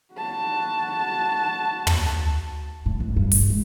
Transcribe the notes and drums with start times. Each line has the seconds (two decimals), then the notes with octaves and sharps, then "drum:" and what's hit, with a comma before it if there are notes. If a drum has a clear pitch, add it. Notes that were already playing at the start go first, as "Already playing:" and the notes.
0.14 F#4 A5
1.87 drum: tom
2.86 A2
3.00 G#1
3.16 G2
3.32 A1, drum: open hi-hat
3.50 G#3